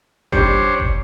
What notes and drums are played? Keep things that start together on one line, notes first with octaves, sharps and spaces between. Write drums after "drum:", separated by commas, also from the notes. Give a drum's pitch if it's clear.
G3 D4 C5 C#5, drum: kick F#1
drum: kick F#1